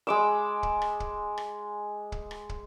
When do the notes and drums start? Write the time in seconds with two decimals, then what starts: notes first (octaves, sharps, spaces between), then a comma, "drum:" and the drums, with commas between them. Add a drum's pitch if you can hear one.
0.07 G#3 D6 E6
0.63 drum: kick
0.82 drum: rim click
1.00 drum: kick
1.38 drum: rim click
2.12 drum: kick
2.31 drum: rim click
2.49 drum: kick